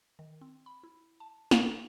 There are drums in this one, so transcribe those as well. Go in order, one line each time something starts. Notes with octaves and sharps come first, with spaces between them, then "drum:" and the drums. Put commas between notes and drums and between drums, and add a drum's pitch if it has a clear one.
D#3
C4
B5
E4
A5
drum: snare
A4